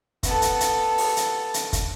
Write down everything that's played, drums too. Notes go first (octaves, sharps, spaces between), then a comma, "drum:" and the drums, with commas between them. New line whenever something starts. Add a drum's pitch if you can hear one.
B3 A4, drum: kick, hi-hat
drum: hi-hat
drum: hi-hat
drum: open hi-hat
drum: hi-hat
drum: hi-hat
drum: kick, hi-hat